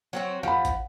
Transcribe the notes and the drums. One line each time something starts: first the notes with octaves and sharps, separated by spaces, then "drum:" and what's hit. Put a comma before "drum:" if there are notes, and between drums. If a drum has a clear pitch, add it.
F#3 C4 F#4
F3 F#5 B5, drum: tom F2
drum: kick A1, hi-hat